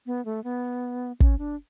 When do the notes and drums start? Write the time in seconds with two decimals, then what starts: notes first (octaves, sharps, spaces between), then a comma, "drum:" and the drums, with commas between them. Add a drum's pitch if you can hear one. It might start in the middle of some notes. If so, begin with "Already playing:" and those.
0.06 B3
0.25 A3
0.44 B3
1.20 C#4, drum: kick
1.39 D4